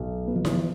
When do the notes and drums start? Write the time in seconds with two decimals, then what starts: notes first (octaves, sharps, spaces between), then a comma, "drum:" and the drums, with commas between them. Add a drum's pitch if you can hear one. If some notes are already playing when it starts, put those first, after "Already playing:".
Already playing: B1
0.27 B2 B3
0.36 F3
0.45 D#3, drum: snare E4
0.53 F3